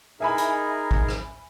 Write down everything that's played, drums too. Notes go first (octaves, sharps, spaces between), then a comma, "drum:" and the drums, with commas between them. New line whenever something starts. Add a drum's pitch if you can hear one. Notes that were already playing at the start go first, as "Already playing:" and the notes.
D#4 G#4 A#4 E5 G#5 B5
drum: hi-hat
drum: kick A1
drum: rim click